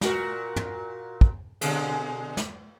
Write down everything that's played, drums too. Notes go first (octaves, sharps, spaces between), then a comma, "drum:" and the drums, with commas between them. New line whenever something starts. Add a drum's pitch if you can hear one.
A#2 F#4 A#4, drum: snare
drum: tom
drum: kick
B2 D3 G#3, drum: cymbal
drum: snare